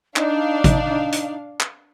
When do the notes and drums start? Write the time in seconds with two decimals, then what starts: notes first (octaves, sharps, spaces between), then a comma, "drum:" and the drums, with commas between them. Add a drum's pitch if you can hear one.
0.16 D4 D#4 F5, drum: clap
0.64 drum: kick, hi-hat
1.12 drum: hi-hat
1.60 drum: clap